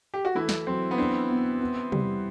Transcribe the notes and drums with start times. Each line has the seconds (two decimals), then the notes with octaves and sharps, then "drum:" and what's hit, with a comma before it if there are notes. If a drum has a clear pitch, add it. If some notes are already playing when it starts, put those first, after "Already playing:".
0.14 G4
0.25 F#4
0.35 E3 A3 E4
0.49 drum: snare
0.67 F#3 C4
0.91 B3
0.98 C4 D4
1.30 B3
1.61 B3
1.92 G3, drum: tom C3